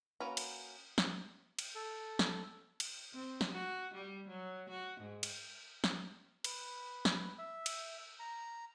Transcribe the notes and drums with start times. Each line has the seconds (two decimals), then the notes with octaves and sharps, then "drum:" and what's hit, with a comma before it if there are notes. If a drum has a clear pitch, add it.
0.20 A#3 C#4 F#4 B4 A#5
0.37 drum: cymbal
0.98 drum: snare
1.59 drum: cymbal
1.75 A4
2.19 drum: snare
2.80 drum: cymbal
3.13 C4
3.41 drum: snare
3.51 F#4
3.94 G3
4.28 F#3
4.70 F#4
5.01 G#2
5.23 drum: cymbal
5.84 drum: snare
6.44 B4, drum: cymbal
7.05 drum: snare
7.38 E5
7.66 drum: cymbal
8.20 A#5